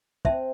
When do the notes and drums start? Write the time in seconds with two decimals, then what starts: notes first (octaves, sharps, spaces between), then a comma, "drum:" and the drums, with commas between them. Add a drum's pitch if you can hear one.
0.25 C4 C5 E5 A5, drum: kick